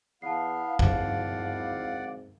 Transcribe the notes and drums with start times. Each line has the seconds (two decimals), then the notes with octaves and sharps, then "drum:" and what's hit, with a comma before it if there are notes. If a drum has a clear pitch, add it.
0.22 E2 B3 E4 F5 A5 C7
0.79 G#1 D5 F#5, drum: kick A1